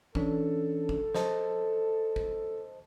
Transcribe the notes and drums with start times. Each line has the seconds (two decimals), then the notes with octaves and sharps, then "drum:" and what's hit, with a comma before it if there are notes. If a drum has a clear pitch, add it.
0.15 E3 C#4 D4 A4, drum: kick
0.89 drum: kick
1.15 C5 D#5 A5, drum: snare
2.16 drum: kick